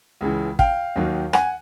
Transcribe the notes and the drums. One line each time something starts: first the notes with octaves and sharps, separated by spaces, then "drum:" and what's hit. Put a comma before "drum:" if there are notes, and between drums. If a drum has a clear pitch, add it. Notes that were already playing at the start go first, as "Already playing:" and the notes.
C#2 C#3 E3
F5 G5, drum: kick
D#2 D#3 F#3
F#5 G#5, drum: rim click